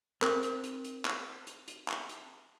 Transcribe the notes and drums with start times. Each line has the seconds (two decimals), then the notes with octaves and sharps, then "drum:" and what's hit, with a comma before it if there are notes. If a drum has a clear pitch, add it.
0.22 C4 A#4, drum: clap
0.43 drum: hi-hat
0.64 drum: hi-hat
0.84 drum: hi-hat
1.05 drum: clap
1.47 drum: hi-hat
1.68 drum: hi-hat
1.88 drum: clap
2.09 drum: hi-hat